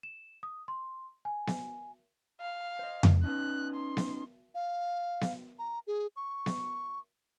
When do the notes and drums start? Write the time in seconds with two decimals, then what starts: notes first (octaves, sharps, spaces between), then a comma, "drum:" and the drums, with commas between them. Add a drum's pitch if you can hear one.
0.03 E7
0.43 D#6
0.68 C6
1.25 G#5
1.47 drum: snare B3
2.41 F5
2.79 C5 D#5
3.03 drum: tom F2
3.24 B3 C#4 D#4 F#6
3.75 C6
3.97 drum: snare B3
4.55 F5
5.21 drum: snare B3
5.59 A#5
5.87 G#4
6.16 C#6
6.46 drum: snare B3